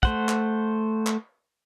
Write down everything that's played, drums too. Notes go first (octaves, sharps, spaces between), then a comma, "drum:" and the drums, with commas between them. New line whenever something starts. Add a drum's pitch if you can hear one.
A3 C5 F#5, drum: kick
drum: clap
drum: clap